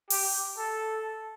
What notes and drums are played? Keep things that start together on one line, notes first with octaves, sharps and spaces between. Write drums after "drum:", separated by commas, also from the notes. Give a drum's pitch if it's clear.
G4, drum: open hi-hat
A4